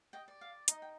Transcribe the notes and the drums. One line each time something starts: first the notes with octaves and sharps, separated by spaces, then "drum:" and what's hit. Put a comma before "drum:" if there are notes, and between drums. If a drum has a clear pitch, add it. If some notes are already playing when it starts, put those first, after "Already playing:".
D#5 G5
D5
F5
D#4 D#5, drum: hi-hat
G5